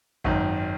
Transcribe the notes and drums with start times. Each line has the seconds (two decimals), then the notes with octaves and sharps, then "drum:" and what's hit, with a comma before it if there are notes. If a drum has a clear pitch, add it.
0.24 G#1 F#2 D#3, drum: kick